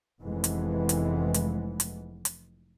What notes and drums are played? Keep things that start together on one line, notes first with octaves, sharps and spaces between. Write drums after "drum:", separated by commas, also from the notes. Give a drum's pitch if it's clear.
F1 F2 E3 G#3 B3
drum: hi-hat
drum: hi-hat
drum: hi-hat
drum: hi-hat
drum: hi-hat